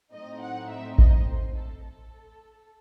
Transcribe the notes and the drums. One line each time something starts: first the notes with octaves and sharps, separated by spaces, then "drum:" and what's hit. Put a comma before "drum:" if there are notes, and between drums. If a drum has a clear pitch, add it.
A2 F#3 A3 C4 D#4 D#5
F#5
E5
D#5, drum: kick A1
C5
A4
A4